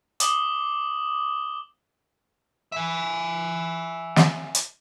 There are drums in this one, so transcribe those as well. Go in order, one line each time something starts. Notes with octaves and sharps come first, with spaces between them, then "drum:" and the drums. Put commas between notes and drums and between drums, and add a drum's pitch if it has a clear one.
D6 D#6 F#7 G7, drum: hi-hat
E5 G#5
drum: snare
drum: hi-hat